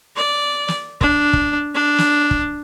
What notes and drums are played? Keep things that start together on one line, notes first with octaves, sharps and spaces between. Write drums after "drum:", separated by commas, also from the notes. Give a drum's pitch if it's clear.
D5
drum: snare
D4, drum: kick
drum: kick
D4
drum: snare
drum: kick